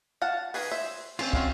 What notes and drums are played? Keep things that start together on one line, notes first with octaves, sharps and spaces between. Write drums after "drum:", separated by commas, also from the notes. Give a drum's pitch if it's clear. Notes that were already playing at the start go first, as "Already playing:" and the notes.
F5 F#5 A5
D#3 G#4 B4, drum: open hi-hat
C5 E5
C4 C#4 F4, drum: cymbal
G#3 F#4 F5, drum: kick